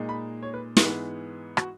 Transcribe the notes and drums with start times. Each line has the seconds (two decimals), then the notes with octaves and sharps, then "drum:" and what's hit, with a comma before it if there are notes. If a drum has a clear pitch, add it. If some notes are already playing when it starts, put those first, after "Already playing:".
Already playing: A#2 G#3 D#4
0.09 B5
0.43 C#5
0.54 B4
0.77 G#2 E3 G#3 B3, drum: snare
1.57 F#4, drum: rim click